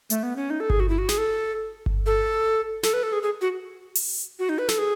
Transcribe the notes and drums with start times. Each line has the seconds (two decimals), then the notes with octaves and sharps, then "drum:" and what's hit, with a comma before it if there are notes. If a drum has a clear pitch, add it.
0.10 A3, drum: hi-hat
0.23 B3
0.36 C#4
0.50 D#4
0.60 A4
0.70 G#4, drum: kick G1
0.80 F#4
0.89 E4
0.98 F#4
1.09 G#4, drum: snare
1.18 A4
1.86 drum: kick G1
2.06 A4
2.83 A4, drum: snare
2.94 B4
3.03 A4
3.13 G#4
3.23 G#4
3.41 F#4
3.95 drum: open hi-hat
4.39 F#4
4.49 D#4
4.58 B4
4.69 A4, drum: snare
4.78 G#4